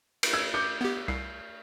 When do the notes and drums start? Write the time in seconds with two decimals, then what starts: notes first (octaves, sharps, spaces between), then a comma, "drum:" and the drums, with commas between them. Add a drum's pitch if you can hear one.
0.23 drum: cymbal
0.33 E6 G#6
0.54 D6 G6 C#7
0.81 B3 G4
1.08 C2 C7